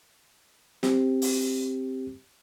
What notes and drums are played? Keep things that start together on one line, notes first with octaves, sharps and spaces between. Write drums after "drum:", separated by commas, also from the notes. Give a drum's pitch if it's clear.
C4 G4, drum: snare
drum: open hi-hat